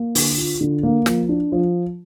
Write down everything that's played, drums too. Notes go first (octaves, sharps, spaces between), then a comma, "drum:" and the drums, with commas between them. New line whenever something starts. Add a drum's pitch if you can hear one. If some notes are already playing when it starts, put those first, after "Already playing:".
Already playing: A#3
D3, drum: open hi-hat
F4
D3
A#3
F3, drum: snare
D4
F3